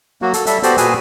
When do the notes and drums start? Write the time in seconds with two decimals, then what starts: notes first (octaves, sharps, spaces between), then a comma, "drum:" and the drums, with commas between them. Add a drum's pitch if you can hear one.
0.22 F#3 A#3 F#4
0.33 A4, drum: hi-hat
0.46 G3 A4 E5, drum: hi-hat
0.63 B3 F#4 G4 A4 C5 D5, drum: hi-hat
0.78 A#2 F#4 G#4 B4 G#5, drum: hi-hat